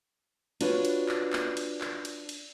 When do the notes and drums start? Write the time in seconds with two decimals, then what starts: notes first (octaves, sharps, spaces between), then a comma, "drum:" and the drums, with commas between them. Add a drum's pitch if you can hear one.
0.61 D4 F4 F#4 B4 C#5, drum: cymbal
0.85 drum: cymbal
1.09 drum: clap
1.33 drum: clap
1.57 drum: cymbal
1.81 drum: clap
2.05 drum: cymbal
2.29 drum: cymbal